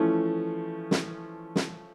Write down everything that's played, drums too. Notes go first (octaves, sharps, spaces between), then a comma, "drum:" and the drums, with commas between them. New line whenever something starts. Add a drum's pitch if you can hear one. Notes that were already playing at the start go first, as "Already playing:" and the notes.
Already playing: E3 F3 A3 C#4
drum: snare
drum: snare